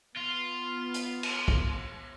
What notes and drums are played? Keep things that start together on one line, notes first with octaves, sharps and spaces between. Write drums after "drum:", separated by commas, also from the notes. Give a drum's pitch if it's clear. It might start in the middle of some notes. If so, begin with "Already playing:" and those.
B3 F4
drum: hi-hat
drum: cymbal
drum: kick